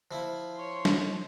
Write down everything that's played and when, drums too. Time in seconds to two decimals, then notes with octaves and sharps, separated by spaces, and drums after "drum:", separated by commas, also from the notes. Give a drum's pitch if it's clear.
0.11 F3 E4
0.55 C#5 C6
0.85 drum: snare